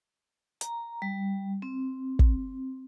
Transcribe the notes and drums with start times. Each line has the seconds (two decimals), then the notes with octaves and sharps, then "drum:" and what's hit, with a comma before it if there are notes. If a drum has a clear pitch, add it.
0.61 A#5, drum: hi-hat
1.02 G3
1.62 C4
2.19 drum: kick